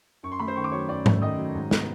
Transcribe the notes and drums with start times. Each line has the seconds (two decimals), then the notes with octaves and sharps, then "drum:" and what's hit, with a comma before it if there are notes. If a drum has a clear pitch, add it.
0.23 F#2 C#6
0.32 C6
0.39 A3 B5
0.47 C5 C6
0.56 D#3 C#6
0.64 D6
0.72 F#3 C#5 C#6
0.89 F#2 D5 D6
1.06 A3, drum: tom G#2
1.22 D#3 D#5 D#6
1.38 F#3
1.55 G#2
1.71 B3, drum: snare